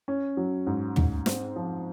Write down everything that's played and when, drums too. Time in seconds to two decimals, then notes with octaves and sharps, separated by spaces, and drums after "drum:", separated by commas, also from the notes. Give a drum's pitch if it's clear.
0.08 C#4
0.37 F#3
0.67 G#2
0.96 G#2, drum: tom
1.26 C4, drum: snare
1.56 F3